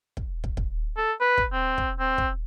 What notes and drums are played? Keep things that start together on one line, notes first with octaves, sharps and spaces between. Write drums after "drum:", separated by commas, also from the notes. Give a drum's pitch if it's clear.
drum: kick
drum: kick
drum: kick
A4
B4
drum: kick
C4
drum: kick
C4
drum: kick